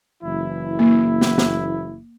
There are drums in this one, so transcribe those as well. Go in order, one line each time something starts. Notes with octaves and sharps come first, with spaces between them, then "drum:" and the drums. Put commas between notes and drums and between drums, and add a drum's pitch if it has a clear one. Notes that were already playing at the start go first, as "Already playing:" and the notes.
F#1 E3 E4
A#3
drum: snare
drum: snare